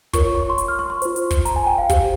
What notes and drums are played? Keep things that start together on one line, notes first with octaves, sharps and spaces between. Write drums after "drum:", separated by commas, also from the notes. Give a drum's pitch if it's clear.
F4 A#4 C#5 C#6, drum: kick, hi-hat
C#6
C6
C#6, drum: hi-hat
F6
C#6
C6
F4 C5, drum: hi-hat
drum: hi-hat
drum: kick, hi-hat
A#5, drum: hi-hat
G#5
G5
F5
G4 C5, drum: kick, hi-hat